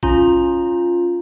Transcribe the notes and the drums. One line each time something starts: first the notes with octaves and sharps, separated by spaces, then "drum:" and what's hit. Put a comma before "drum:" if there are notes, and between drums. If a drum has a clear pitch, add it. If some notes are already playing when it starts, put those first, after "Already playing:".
C#4 F4 A#5, drum: kick A1